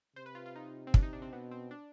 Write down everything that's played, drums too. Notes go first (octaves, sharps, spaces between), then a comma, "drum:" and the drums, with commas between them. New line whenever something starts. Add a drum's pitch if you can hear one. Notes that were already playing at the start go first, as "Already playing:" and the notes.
C3 C5
B4
F4
F4
D#4
C4
D4, drum: kick
D#4
D4
C4
B2 B3
C4
D4